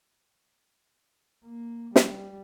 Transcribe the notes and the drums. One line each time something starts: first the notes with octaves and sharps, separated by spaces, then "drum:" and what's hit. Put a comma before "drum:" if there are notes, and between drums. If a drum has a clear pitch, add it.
A#3
G3, drum: snare